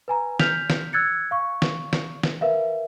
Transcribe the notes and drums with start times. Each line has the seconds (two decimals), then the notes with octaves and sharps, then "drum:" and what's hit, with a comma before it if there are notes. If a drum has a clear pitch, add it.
0.08 B4 G#5 A#5
0.40 F6 G6 B6 F7, drum: snare
0.70 drum: snare
0.93 E6 F#6 G#6 A6 C#7
1.31 F5 C#6
1.62 drum: snare
1.93 drum: snare
2.23 drum: snare
2.41 A#4 B4 E5 F5